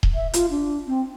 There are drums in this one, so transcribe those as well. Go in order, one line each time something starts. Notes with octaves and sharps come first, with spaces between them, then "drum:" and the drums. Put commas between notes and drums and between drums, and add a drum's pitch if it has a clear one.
drum: kick D#1
E5
F4, drum: hi-hat
D4
C4